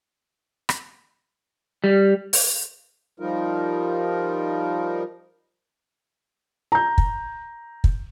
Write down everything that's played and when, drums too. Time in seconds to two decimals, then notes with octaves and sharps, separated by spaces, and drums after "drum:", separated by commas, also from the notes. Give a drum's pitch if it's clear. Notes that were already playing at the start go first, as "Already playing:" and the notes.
0.69 drum: rim click
1.84 G3
2.33 drum: open hi-hat
3.20 F3 G3 D#4 F4 A#4
6.72 A#5 G6
6.98 drum: kick
7.84 drum: kick